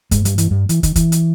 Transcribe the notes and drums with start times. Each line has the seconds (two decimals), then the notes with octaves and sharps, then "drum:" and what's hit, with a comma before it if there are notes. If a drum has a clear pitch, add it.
0.11 G2 G#3, drum: kick, hi-hat
0.25 G3, drum: hi-hat
0.38 E3, drum: hi-hat
0.51 G2 G3
0.69 E3, drum: hi-hat
0.83 D#3, drum: kick, hi-hat
0.96 E3, drum: kick, hi-hat
1.12 drum: hi-hat